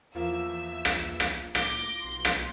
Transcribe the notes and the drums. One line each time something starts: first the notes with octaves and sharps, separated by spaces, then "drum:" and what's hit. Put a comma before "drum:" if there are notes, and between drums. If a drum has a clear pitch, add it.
E2 F3 A#3 F4 E5 E6
drum: rim click
drum: rim click
A2 D6 A#6 G7, drum: rim click
B1 C6
drum: rim click